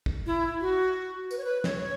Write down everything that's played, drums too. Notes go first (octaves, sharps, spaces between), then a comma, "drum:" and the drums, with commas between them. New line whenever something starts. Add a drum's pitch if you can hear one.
drum: kick
E4
F#4
B4, drum: tambourine
C#5
B4
C#5, drum: snare